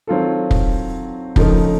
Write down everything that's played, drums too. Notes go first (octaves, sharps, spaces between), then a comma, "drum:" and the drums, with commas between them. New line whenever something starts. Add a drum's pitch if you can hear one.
D#3 F#3 C4 F4 A4
drum: kick
C#3 F3 A3 D#4 A#4, drum: kick